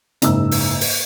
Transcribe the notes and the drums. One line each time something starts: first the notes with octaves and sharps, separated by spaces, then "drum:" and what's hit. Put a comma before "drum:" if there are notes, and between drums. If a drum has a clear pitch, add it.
F#1 G#2 E6, drum: hi-hat
drum: open hi-hat
drum: open hi-hat